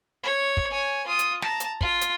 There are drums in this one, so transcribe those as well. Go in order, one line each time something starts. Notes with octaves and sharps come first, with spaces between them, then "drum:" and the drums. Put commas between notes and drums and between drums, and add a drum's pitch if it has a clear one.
C#5
drum: kick
C#5 G#5
F4 D#6
drum: hi-hat
A5 A#5, drum: snare
drum: hi-hat
F4, drum: kick
drum: hi-hat